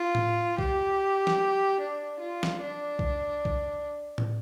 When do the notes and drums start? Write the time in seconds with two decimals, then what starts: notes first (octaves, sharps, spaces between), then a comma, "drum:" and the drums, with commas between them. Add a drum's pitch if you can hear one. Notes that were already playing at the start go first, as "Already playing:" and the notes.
Already playing: F4
0.15 drum: tom A2
0.58 G4, drum: kick B1
1.27 drum: snare
1.80 D4
2.20 F4
2.43 drum: snare
2.61 D4
2.99 drum: kick B1
3.45 drum: kick B1
4.18 drum: tom A2